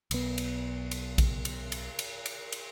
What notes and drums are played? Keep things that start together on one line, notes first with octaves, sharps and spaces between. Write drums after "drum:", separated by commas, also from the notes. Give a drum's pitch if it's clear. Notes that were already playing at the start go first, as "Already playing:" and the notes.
B1 B3, drum: cymbal
drum: cymbal
drum: cymbal
drum: kick A#1, cymbal
drum: cymbal
drum: cymbal
drum: cymbal
drum: cymbal
drum: cymbal